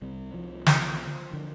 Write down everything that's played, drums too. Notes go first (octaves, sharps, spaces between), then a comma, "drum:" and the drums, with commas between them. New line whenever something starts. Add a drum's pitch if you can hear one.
C2 C3 G3
F3
drum: snare
D3